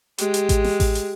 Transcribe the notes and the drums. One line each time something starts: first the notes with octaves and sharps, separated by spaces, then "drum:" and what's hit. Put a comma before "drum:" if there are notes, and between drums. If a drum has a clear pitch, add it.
G#3 G4, drum: hi-hat
drum: hi-hat
drum: kick A1, hi-hat
drum: snare
drum: kick A1, open hi-hat
drum: hi-hat